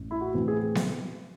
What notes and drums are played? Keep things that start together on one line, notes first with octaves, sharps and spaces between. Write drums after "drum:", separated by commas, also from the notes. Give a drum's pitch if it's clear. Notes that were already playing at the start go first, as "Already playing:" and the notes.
Already playing: A1
E4
F#4
A2 E3 C4
G#4
drum: snare B3